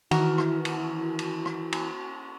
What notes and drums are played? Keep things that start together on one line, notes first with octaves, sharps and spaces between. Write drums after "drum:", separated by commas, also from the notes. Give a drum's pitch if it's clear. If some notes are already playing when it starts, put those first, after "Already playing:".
D#3 E3 E4 F#4 A#4, drum: cymbal
drum: rim click
drum: cymbal
drum: cymbal
drum: rim click
drum: cymbal